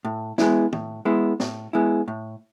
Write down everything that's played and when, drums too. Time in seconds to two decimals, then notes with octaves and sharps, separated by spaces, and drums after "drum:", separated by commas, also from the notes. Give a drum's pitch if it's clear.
0.05 A2
0.38 G#3 B3 E4, drum: snare
0.73 A2, drum: tom
1.05 G#3 B3 E4
1.40 A2, drum: snare
1.73 G#3 B3 E4
2.08 A2